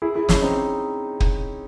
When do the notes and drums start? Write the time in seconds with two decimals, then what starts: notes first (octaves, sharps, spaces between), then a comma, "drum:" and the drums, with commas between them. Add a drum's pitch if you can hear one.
0.02 E4 G#4
0.15 E4 G#4
0.29 C#4 E4, drum: snare
0.42 C4 D#4
1.20 drum: kick